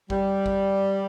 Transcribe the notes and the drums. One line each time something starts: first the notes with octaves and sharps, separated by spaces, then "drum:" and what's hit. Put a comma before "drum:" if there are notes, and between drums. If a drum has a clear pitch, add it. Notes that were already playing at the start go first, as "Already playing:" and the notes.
G3, drum: kick G#1
drum: kick G#1